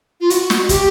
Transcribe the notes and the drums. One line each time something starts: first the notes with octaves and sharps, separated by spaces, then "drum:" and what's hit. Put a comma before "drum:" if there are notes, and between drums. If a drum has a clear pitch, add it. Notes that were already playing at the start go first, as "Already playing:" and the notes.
F4
F#4, drum: hi-hat
drum: snare
G4, drum: kick, hi-hat